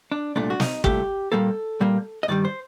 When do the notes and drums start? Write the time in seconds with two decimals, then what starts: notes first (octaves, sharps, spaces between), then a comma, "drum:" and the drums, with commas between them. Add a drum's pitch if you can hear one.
0.12 D4
0.36 C2 A#2 A3 D4
0.50 F#4
0.60 D#4, drum: snare
0.84 C2 A#2 A3 G4, drum: kick
1.32 A#2 G3 A#3 A4
1.80 A#2 G3 A#3
2.23 D#5
2.28 G2 D#3 G3 D5
2.45 C5